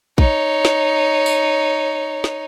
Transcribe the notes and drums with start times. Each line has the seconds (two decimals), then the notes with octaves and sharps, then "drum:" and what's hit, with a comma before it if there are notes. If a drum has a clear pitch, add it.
0.18 D#4 C#5, drum: kick
0.65 drum: snare
1.26 drum: tambourine
2.24 drum: snare